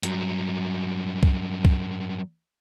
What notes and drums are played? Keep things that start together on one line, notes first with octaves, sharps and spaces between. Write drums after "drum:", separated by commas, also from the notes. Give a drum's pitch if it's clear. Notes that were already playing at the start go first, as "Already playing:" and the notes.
G2 F#3, drum: hi-hat
drum: kick C2
drum: kick C2